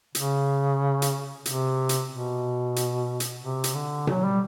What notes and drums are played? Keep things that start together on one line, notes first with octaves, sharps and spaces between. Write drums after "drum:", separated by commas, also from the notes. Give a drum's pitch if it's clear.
C#3, drum: hi-hat
drum: hi-hat
C3, drum: hi-hat
drum: hi-hat
B2
drum: hi-hat
drum: hi-hat
C3
drum: hi-hat
D3
F#3, drum: tom B2
G3